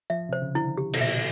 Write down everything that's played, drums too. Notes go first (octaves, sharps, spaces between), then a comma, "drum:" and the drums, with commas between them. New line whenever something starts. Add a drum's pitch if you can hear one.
F3 E5
C3 C5
C#3
D3 E4
G4
B2, drum: cymbal
A#2 E5